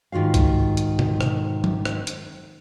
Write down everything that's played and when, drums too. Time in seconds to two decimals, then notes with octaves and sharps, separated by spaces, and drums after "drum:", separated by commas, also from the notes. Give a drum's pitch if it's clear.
0.12 G#2 D#3 F4 F#4 F5
0.34 drum: kick, hi-hat
0.77 drum: hi-hat
0.99 drum: tom B2
1.21 drum: rim click
1.64 drum: tom
1.85 drum: rim click
2.07 drum: hi-hat